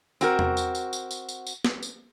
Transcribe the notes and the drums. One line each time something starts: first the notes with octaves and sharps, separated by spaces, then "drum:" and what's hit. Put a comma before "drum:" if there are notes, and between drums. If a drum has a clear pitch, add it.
C4 F#4 A#4, drum: tambourine
drum: tom E2
drum: tambourine
drum: tambourine
drum: tambourine
drum: tambourine
drum: tambourine
drum: tambourine
drum: snare
drum: tambourine